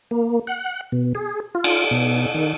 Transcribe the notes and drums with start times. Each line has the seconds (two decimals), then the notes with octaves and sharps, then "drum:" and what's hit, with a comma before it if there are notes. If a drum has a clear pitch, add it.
0.11 A#3
0.47 F#5
0.92 B2
1.15 G#4
1.55 F4
1.64 drum: cymbal
1.91 B2
2.34 D#3